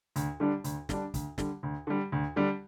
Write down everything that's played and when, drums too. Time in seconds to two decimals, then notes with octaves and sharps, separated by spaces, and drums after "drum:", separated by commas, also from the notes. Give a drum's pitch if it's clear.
0.16 D2, drum: hi-hat
0.40 D3 G3 D4
0.64 D2, drum: hi-hat
0.89 D3 G3 D4, drum: snare
1.14 D2, drum: kick, hi-hat
1.38 D3 G3, drum: snare
1.63 D2
1.87 D3 G3
2.12 D2
2.36 D3 G3 D4